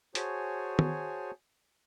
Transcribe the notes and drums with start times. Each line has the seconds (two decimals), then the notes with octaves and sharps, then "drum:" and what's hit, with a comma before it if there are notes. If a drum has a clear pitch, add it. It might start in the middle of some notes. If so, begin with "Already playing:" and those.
0.15 F#4 G#4 C5 C#5 G#5 A5, drum: hi-hat
0.79 drum: tom